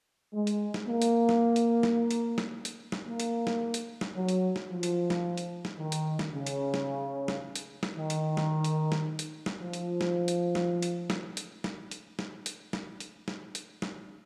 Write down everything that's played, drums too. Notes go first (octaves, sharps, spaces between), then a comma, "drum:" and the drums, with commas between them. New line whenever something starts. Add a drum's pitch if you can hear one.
G#3
drum: hi-hat
drum: snare
A#3
drum: hi-hat
drum: snare
drum: hi-hat
drum: snare
drum: hi-hat
drum: snare
drum: hi-hat
drum: snare
A#3
drum: hi-hat
drum: snare
drum: hi-hat
drum: snare
F#3
drum: hi-hat
drum: snare
F3
drum: hi-hat
drum: snare
drum: hi-hat
drum: snare
D#3
drum: hi-hat
drum: snare
C#3
drum: hi-hat
drum: snare
drum: snare
drum: hi-hat
drum: snare
D#3
drum: hi-hat
drum: snare
drum: hi-hat
drum: snare
drum: hi-hat
drum: snare
F3
drum: hi-hat
drum: snare
drum: hi-hat
drum: snare
drum: hi-hat
drum: snare
drum: hi-hat
drum: snare
drum: hi-hat
drum: snare
drum: hi-hat
drum: snare
drum: hi-hat
drum: snare
drum: hi-hat
drum: snare